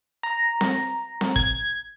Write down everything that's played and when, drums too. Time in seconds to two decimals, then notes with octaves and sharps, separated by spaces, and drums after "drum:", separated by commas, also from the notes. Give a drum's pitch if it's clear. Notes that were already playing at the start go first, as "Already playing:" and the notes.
0.23 A#5
0.61 drum: snare C4
1.21 drum: snare C4
1.36 G#6, drum: kick